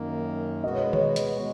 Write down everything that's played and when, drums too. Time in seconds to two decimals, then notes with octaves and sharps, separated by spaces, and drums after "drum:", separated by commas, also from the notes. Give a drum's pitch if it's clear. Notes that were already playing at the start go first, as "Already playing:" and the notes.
Already playing: F#2 D#3 A#3
0.63 B2 G#3 B3 F#4 D#5
0.74 C#5
0.84 B4
0.93 C#5, drum: tom D#3
1.16 drum: hi-hat
1.37 G#3